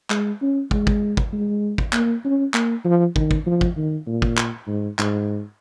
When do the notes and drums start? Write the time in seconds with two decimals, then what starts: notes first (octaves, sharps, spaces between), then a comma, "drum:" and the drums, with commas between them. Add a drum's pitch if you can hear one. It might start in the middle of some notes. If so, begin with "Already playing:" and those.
0.10 G#3, drum: clap
0.42 C#4
0.71 G#3, drum: kick
0.87 drum: kick
1.17 drum: kick
1.33 G#3
1.78 drum: kick
1.93 A#3, drum: clap
2.25 C#4
2.54 A#3, drum: clap
2.84 F3
3.16 D#3, drum: kick
3.31 drum: kick
3.46 F3
3.61 drum: kick
3.76 D#3
4.07 A#2
4.22 drum: kick
4.37 drum: clap
4.67 G#2
4.99 G#2, drum: clap